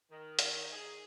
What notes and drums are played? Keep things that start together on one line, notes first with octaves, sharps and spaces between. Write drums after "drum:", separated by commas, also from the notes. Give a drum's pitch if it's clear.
D#3
drum: hi-hat
G#4